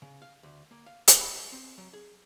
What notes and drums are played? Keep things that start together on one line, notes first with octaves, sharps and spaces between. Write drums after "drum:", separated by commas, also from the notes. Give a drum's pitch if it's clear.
C#3
F5
D2
A#3
F5
B4, drum: hi-hat
B5
E5
C4
F#3
G#4